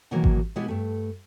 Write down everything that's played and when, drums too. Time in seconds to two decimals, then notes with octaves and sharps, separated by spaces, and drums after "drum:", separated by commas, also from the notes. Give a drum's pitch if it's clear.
0.11 B2 D#3 E3 F#3 A#3
0.24 drum: kick G#1
0.56 B2 G#3 B3 E4 G4 G#4
0.68 G2 A3